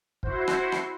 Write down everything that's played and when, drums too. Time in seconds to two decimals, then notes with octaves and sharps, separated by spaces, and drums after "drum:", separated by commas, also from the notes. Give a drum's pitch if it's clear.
0.23 E4 F#4 C5, drum: kick
0.48 drum: rim click
0.72 drum: rim click